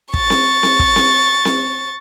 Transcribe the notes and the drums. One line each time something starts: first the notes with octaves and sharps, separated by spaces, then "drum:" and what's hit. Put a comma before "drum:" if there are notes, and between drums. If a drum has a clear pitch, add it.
C#6 A6, drum: kick
drum: snare C4
drum: snare C4
drum: kick
drum: snare C4
drum: snare C4